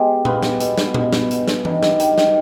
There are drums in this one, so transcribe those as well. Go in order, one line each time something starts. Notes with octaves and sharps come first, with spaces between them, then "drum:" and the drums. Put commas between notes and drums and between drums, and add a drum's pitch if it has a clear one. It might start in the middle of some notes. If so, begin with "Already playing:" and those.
Already playing: B2 G#3 G4
B3 F4, drum: tom A#2
drum: snare
B2, drum: hi-hat
drum: snare
B2, drum: tom A#2
drum: snare
B2, drum: hi-hat
drum: snare
G2 D#4, drum: tom E3
drum: snare
D#3, drum: hi-hat
drum: snare